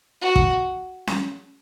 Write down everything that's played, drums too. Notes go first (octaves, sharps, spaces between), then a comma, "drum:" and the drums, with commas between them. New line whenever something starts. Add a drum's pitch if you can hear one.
F#4
drum: kick
drum: snare C#4